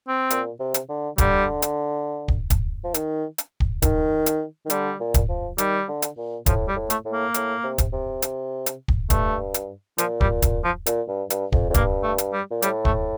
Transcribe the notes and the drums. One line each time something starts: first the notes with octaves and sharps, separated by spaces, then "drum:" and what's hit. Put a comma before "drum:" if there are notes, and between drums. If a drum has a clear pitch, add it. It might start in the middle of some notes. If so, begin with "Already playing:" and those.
C4
A#2, drum: hi-hat
C3
drum: hi-hat
D3
D3 G3, drum: kick, hi-hat
drum: hi-hat
drum: kick
drum: kick, hi-hat
F3
D#3, drum: hi-hat
drum: hi-hat
drum: kick
D#3, drum: kick, hi-hat
drum: hi-hat
D#3
D3 G3, drum: hi-hat
A#2
drum: kick, hi-hat
F3
D#3 G3, drum: hi-hat
D3
drum: hi-hat
A#2
A2 F3, drum: kick, hi-hat
G3
A2
A3, drum: hi-hat
A2
A#3
A2, drum: hi-hat
C3
drum: kick, hi-hat
C3
drum: hi-hat
drum: hi-hat
drum: kick
G2 A3, drum: kick, hi-hat
drum: hi-hat
A#2 F3, drum: hi-hat
G3, drum: kick
drum: kick, hi-hat
F3
A#2, drum: hi-hat
G2
G2, drum: hi-hat
F2, drum: kick
F2
G2 A#3, drum: kick, hi-hat
A3
drum: hi-hat
G3
A#2
A2 G3, drum: hi-hat
A3, drum: kick